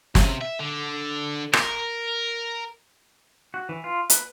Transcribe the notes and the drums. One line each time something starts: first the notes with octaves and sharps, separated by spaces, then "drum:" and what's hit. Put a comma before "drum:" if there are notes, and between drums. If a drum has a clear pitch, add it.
C3, drum: snare
E5
D3
A#4, drum: rim click
F#4
E3
F4
B4, drum: hi-hat